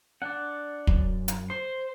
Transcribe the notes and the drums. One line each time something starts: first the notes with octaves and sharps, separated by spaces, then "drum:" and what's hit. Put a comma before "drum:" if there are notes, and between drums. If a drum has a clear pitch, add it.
D4 D5 F#5
F#2, drum: kick
drum: hi-hat
C5 C6